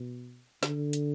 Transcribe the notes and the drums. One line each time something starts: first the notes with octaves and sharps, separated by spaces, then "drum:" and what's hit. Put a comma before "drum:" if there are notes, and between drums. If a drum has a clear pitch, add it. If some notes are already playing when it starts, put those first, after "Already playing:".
Already playing: B2
D3, drum: snare
drum: hi-hat